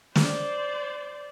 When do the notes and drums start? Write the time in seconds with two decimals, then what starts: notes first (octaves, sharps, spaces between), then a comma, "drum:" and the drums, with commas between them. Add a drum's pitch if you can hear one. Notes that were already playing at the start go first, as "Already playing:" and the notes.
0.15 C5 D5, drum: snare